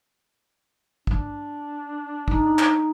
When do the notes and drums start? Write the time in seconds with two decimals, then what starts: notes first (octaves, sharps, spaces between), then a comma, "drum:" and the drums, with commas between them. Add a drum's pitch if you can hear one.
1.07 D4, drum: kick
2.28 D#4, drum: kick
2.59 drum: clap